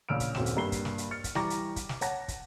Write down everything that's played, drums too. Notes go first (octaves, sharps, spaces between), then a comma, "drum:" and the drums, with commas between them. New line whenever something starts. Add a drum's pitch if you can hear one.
A#1 C#3 E6 F6 D7
drum: kick, hi-hat
D#1 F#2 C4 E7, drum: snare
drum: hi-hat
G2 A#3 B5 C7 G7
drum: kick, hi-hat
drum: snare
drum: hi-hat
F6 A6 C#7
drum: kick, hi-hat
E3 G3 A#5 C#6 D6 A#6, drum: snare
drum: hi-hat
drum: kick, hi-hat
drum: snare
C#5 F#5 A5 A#6, drum: hi-hat
drum: kick, hi-hat